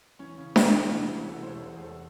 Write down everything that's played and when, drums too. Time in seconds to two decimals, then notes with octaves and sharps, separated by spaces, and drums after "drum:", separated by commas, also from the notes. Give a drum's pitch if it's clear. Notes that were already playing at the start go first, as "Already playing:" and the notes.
0.19 E3 C#4
0.38 C#3 C#4
0.56 E3 D#4, drum: snare D4
0.74 C#3
0.87 F#4
0.92 C2 E4
1.10 E3 F#4
1.29 C2 A4
1.43 C5
1.47 C2 C#5
1.56 A4
1.65 E2 C5
1.76 G#4
1.83 E2 A4